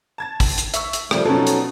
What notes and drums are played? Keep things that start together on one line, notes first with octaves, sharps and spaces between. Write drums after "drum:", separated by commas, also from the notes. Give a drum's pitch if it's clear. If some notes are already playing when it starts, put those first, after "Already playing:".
A5 G#6 A6
drum: kick, open hi-hat
drum: hi-hat
E5 C#6 E6, drum: hi-hat
drum: hi-hat
C#3 F3 G3 A3 G5, drum: rim click
B2 F3 F#3 B3 C#4 D#4 A4
drum: hi-hat